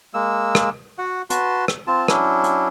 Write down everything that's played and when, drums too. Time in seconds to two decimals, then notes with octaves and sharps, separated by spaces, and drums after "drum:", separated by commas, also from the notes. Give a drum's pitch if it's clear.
0.14 G#3 A#3 E6
0.55 drum: rim click
0.98 F#4 F#5
1.30 F#4 B4 A5 C6, drum: hi-hat
1.68 drum: rim click
1.87 C4 F4 A5
2.08 F#3 C#4 D4 E4, drum: rim click
2.44 drum: hi-hat